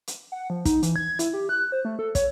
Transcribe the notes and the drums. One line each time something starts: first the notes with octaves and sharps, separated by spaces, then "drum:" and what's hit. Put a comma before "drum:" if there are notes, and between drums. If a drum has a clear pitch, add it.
drum: hi-hat
F#5
F3
D#4, drum: kick, hi-hat
E3, drum: hi-hat
G#6
E4, drum: hi-hat
G4
F#6
C5
A3
A4
C#5, drum: kick, hi-hat